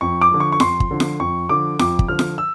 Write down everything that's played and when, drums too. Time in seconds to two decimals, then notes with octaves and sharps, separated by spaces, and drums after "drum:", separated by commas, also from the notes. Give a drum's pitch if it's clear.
0.01 F2 C#6
0.21 D6
0.31 D3 F3
0.40 C#6
0.52 C#6
0.60 F2 C6, drum: snare F4
0.80 drum: kick
0.91 D3 F3
1.00 drum: snare F4
1.20 F2 C#6
1.49 D3 F3 D6
1.79 F2 D6, drum: snare F4
1.99 drum: kick
2.08 D3 F3 F6
2.19 drum: snare F4
2.38 E6